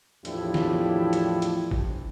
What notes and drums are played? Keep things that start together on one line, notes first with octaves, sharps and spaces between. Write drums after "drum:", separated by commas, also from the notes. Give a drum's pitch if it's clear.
E2 A2 F3 D4 E4 G4, drum: hi-hat
drum: snare
drum: hi-hat
drum: hi-hat
drum: kick G1